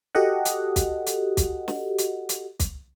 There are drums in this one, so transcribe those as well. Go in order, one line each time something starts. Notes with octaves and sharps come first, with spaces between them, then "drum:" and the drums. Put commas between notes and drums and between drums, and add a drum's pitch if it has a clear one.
F#4 G4 A4 D#5 F#5
drum: hi-hat
drum: kick, hi-hat
drum: hi-hat
drum: kick, hi-hat
drum: snare
drum: hi-hat
drum: hi-hat
drum: kick, hi-hat